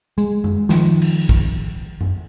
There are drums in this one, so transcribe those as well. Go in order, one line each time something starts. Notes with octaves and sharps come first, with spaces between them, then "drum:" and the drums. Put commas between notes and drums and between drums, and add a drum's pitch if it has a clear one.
G#3, drum: hi-hat
drum: tom F#2
D#3 F3, drum: snare
drum: cymbal
drum: kick
drum: tom F#2